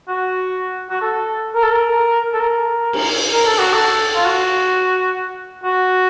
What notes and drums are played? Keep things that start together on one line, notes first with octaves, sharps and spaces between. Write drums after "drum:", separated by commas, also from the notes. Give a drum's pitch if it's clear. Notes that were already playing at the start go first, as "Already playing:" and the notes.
F#4
F#4
A4
A#4
A4
A#4
A4
A#4
drum: cymbal
A#4
A4
F#4
A4
F4
F#4
F#4